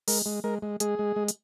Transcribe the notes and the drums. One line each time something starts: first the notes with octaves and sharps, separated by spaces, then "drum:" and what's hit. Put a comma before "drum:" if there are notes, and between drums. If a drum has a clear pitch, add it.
G#3 A#4, drum: open hi-hat
G#3
G#3 A#4
G#3
G#3 G#4, drum: hi-hat
G#3
G#3
drum: hi-hat